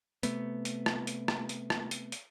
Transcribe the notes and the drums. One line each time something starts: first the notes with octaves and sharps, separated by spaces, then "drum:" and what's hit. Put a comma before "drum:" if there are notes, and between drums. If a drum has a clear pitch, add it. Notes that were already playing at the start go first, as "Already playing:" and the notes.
C3 A3 B3, drum: hi-hat
drum: hi-hat
drum: rim click
drum: hi-hat
drum: rim click
drum: hi-hat
drum: rim click
drum: hi-hat
drum: hi-hat